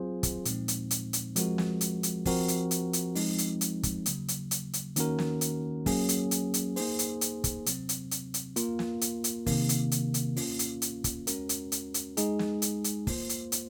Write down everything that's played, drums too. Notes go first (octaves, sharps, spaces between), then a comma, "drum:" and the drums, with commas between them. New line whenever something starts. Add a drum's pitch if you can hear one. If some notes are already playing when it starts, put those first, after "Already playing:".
Already playing: F#3 C4 F4 G#4 C5
drum: kick, hi-hat
A#2 F3 G#3 C4 D#4, drum: hi-hat
drum: hi-hat
drum: hi-hat
drum: hi-hat
F3 G#3 C4 F#4 A#4, drum: hi-hat
drum: snare
drum: hi-hat
drum: hi-hat
F3 C4 F#4 A#4, drum: kick, open hi-hat
drum: hi-hat
drum: hi-hat
drum: hi-hat
F3 G#3 C4 D#4, drum: open hi-hat
drum: hi-hat
drum: hi-hat
drum: kick, hi-hat
C#3 F#3 A#3, drum: hi-hat
drum: hi-hat
drum: hi-hat
drum: hi-hat
D#3 A#3 C#4 F#4 A#4, drum: hi-hat
drum: snare
drum: hi-hat
F#3 A#3 C#4 G#4, drum: kick, open hi-hat
drum: hi-hat
drum: hi-hat
drum: hi-hat
A#3 D#4 G#4 C5, drum: open hi-hat
drum: hi-hat
drum: hi-hat
drum: kick, hi-hat
C3 F#3 C4, drum: hi-hat
drum: hi-hat
drum: hi-hat
drum: hi-hat
A#3 F4 A#4, drum: hi-hat
drum: snare
drum: hi-hat
drum: hi-hat
C3 D#3 A#3, drum: kick, open hi-hat
drum: hi-hat
drum: hi-hat
drum: hi-hat
A#3 C#4 F4, drum: open hi-hat
drum: hi-hat
drum: hi-hat
drum: kick, hi-hat
G#3 C#4 F#4 A#4, drum: hi-hat
drum: hi-hat
drum: hi-hat
drum: hi-hat
G#3 D#4 G#4, drum: hi-hat
drum: snare
drum: hi-hat
drum: hi-hat
A#3 F4 C5, drum: kick, open hi-hat
drum: hi-hat
drum: hi-hat